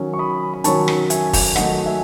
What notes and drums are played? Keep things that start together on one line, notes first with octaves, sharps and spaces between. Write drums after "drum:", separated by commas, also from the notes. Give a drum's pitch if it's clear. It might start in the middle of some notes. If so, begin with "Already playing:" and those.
Already playing: D#3 F#3 C#4
C#6
B5 D#6
B5
D#3 F#3 C#4 A5 C#6, drum: hi-hat
drum: rim click
E5 G#5, drum: hi-hat
drum: kick, open hi-hat
D#3 F#3 A3 D#5 F#5, drum: rim click
E5 G#5